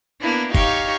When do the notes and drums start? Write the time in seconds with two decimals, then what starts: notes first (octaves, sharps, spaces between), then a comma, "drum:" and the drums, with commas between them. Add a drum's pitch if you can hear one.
0.21 A#3 B3 D4 E4
0.55 D#4 G4 C#5 F5 C#6, drum: kick